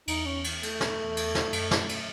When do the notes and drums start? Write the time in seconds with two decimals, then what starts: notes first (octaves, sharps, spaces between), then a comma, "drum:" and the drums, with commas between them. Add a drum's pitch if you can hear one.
0.07 E2 D#4, drum: cymbal
0.26 C#4
0.44 drum: cymbal
0.63 A3, drum: cymbal
0.80 drum: snare
1.17 drum: cymbal
1.35 drum: snare
1.53 F#2, drum: cymbal
1.71 drum: snare
1.89 drum: cymbal